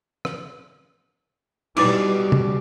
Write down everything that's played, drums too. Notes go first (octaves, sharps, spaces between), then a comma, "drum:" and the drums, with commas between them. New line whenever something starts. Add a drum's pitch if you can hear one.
drum: rim click
B2 G3 D#4 E4 B4, drum: cymbal
drum: tom